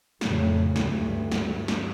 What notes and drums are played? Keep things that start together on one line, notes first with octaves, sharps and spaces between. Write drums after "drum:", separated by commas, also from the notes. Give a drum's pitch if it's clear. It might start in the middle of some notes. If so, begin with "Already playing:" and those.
F2 A2 C#3 A3, drum: snare
D2 G2, drum: snare
drum: snare
drum: snare